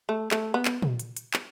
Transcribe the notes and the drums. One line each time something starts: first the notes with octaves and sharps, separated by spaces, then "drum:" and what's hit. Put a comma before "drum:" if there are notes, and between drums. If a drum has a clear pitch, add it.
A3
A3, drum: clap
B3
drum: clap
drum: tom A#2
drum: hi-hat
drum: hi-hat
drum: clap